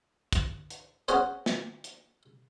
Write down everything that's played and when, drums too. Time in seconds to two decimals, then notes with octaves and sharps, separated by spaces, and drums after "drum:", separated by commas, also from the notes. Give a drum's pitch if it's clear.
0.33 drum: kick, hi-hat
0.70 drum: hi-hat
1.08 C#4 F#4 G#4 C5, drum: hi-hat
1.46 drum: snare
1.84 drum: hi-hat